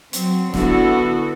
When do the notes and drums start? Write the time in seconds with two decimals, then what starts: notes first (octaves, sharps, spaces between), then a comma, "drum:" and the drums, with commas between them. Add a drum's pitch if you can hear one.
0.13 F#3 C4, drum: hi-hat
0.54 D3 B3 E4 F#4 A4, drum: snare